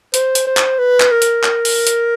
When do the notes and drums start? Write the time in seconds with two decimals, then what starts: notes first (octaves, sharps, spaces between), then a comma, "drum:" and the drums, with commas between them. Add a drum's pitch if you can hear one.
0.14 C5, drum: hi-hat
0.35 drum: hi-hat
0.46 C5
0.57 drum: clap
0.78 B4
1.00 drum: clap
1.11 A#4
1.22 drum: hi-hat
1.43 drum: clap
1.65 drum: open hi-hat
1.87 drum: hi-hat